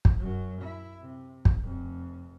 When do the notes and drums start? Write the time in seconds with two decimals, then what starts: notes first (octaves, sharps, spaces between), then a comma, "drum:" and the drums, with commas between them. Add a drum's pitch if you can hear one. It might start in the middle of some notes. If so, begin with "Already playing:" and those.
0.05 drum: kick
0.19 F#2 F#3
0.61 E4
1.02 C3
1.45 drum: kick
1.63 F1 F2